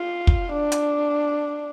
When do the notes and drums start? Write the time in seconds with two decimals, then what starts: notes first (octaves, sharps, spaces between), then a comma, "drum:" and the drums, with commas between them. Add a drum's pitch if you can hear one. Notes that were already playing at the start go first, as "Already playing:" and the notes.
Already playing: F4
0.27 drum: kick
0.53 D4
0.72 drum: hi-hat